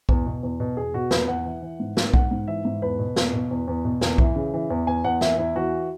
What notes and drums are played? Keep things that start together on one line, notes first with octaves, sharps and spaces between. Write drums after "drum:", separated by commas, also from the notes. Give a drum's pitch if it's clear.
E2, drum: kick B1
B2
E2
B2
E2 G#4
B2 F#4
E2 B4, drum: snare
E2 F#5
E3
E3
G#2
G#2, drum: snare
G#2 F#5, drum: kick B1
G#2
E3 E5
G#2
E2 B4
B2
E2, drum: snare
B2
E2
E2
B2
E2, drum: snare
E3, drum: kick B1
C#3
E3
E2
E2 G#5
E2 F#5
E3 E4, drum: snare
E2 E4
E3 F#4